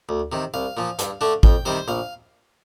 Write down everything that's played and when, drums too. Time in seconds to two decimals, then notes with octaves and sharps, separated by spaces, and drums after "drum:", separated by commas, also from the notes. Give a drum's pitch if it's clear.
0.09 D2
0.32 C3 D#3
0.54 C2 F5
0.77 A#2 F3
0.99 G2, drum: hi-hat
1.21 D3 A3 D4
1.43 F2 G5, drum: kick G#1
1.65 C3 D#3 G3 C5
1.88 A#1 F5